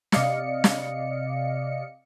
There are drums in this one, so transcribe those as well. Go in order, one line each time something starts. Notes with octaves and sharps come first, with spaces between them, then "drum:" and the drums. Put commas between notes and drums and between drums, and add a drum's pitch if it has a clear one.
C3 D5 D#5 F5 C#7, drum: snare
drum: snare